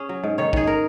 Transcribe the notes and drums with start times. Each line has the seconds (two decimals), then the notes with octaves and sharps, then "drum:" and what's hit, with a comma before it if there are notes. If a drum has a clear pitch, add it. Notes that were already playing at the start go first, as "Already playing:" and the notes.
Already playing: C#4 G#4
0.09 F#3
0.23 G#2
0.38 D#3 C#5
0.53 D#3 G#4, drum: kick
0.67 A#4